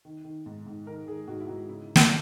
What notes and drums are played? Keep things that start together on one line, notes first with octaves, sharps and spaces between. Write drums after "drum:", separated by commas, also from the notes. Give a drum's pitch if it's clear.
D#3
D#3
G#2
G#2
D#3 A#4
D#3 G#4
G#2 F#4
E4
G#2 F#4
C#3 E4
drum: snare